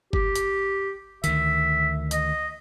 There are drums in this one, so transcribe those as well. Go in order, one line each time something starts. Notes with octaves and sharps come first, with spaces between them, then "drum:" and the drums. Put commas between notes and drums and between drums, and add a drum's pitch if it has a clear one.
G4, drum: kick F#1
drum: hi-hat
D2 D#3 E5, drum: hi-hat
D#5, drum: hi-hat